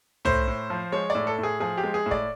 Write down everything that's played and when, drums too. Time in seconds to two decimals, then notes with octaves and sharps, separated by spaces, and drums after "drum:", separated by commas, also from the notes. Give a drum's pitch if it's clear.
0.25 A2 C5, drum: tom C2
0.47 A2
0.70 F3
0.92 G#3 C#5
1.10 A2 D5
1.27 A4
1.38 A2
1.43 G#4
1.60 F3 G#4
1.77 G4
1.84 G#3
1.94 G#4
2.06 A2
2.11 D5, drum: kick